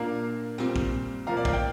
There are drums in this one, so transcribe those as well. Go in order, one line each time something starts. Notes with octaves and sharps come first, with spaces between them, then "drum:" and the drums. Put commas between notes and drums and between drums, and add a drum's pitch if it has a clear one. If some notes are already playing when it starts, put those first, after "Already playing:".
Already playing: A#2 A#3 D4 F5 A#5
A#2 G3 C4, drum: rim click
drum: kick
A#2 F3 A#3 F5 A#5
D5
F5, drum: kick
G5